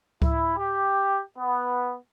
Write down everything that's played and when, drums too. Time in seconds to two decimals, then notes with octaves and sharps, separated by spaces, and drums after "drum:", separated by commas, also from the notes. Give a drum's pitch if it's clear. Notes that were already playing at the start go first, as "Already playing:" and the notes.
0.22 E4, drum: kick C#2
0.56 G4
1.37 B3